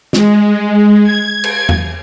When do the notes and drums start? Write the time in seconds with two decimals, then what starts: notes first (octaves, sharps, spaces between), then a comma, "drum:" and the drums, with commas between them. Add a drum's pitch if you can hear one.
0.13 G#3, drum: snare
1.04 G#6
1.44 drum: cymbal
1.69 drum: tom E2